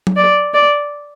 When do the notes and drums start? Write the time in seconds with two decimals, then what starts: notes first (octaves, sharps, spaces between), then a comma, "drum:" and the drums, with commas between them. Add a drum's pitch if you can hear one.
0.07 drum: tom F#3
0.16 D5
0.54 D5